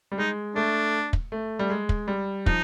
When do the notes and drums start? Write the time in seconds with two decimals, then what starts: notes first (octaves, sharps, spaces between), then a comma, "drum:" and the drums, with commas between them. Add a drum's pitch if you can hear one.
0.12 G3
0.18 G#3 D#4
0.55 A3 D4
1.13 drum: kick
1.32 A3
1.59 G3
1.70 G#3
1.89 drum: kick
2.08 G3
2.46 F3 D#4, drum: kick